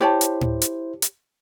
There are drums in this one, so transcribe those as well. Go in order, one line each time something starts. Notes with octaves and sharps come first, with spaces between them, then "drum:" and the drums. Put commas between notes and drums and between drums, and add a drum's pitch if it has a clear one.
E4 G4 C5 C#5 A5
drum: hi-hat
drum: tom A2
drum: hi-hat
drum: hi-hat